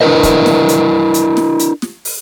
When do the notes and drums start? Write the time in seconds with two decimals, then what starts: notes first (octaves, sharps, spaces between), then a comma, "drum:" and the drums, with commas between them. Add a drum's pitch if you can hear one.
0.01 D4 E4 F4 A#4 B4 D#5
0.23 drum: kick, hi-hat
0.46 drum: snare
0.69 drum: hi-hat
1.14 drum: hi-hat
1.37 drum: snare
1.60 drum: hi-hat
1.82 drum: snare
2.05 drum: open hi-hat